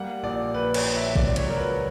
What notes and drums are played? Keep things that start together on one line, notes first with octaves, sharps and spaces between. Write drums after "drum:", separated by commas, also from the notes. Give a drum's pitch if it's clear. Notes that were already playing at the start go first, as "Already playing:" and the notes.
Already playing: G3 A#3 F#5
A#1 D5
A#1 B4
C#5, drum: cymbal
A#1
E5
E5
C#2 D5, drum: kick A#1
C#5, drum: hi-hat
F#3 A#4
B4